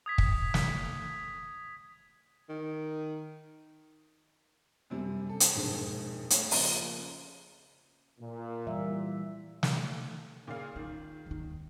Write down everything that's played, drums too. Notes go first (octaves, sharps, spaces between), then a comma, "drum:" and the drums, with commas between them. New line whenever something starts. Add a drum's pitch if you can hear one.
D#6 G#6 B6
drum: kick
drum: snare
D#3
F#2 C3 G3
A4
drum: hi-hat
E1 A#1 F2 G#2 G#4
A3 C#5 F5, drum: hi-hat
C#3 F3 A#3, drum: open hi-hat
A#2
E3 G3 E5
drum: snare
A#2 C#3 F5
D#3 F4
D#2 D#4